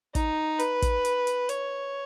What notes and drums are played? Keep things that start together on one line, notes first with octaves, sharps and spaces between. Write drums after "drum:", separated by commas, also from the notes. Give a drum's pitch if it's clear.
D#4, drum: kick, hi-hat
B4, drum: hi-hat
drum: kick, hi-hat
drum: hi-hat
drum: hi-hat
C#5, drum: hi-hat